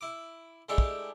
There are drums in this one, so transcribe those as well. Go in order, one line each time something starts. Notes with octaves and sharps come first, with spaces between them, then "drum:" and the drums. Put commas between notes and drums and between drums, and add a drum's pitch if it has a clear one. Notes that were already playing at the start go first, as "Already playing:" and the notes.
E4 D6
G#3 A3 D4 E4 G4 A4
drum: kick